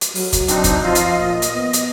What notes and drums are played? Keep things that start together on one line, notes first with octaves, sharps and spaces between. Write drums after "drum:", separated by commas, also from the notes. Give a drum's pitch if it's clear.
drum: hi-hat
F#3, drum: open hi-hat
drum: kick, hi-hat
C4 D4 D#4, drum: hi-hat
drum: kick, hi-hat
F3 F4 D#5 F5
drum: hi-hat
A#2 D#5
drum: hi-hat
B3
drum: hi-hat